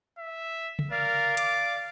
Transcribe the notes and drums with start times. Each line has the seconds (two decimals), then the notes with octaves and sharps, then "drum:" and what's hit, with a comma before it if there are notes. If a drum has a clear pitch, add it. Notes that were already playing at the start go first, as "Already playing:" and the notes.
0.18 E5
0.79 drum: tom C#3
0.91 A#4 D5 F5
1.37 D6, drum: hi-hat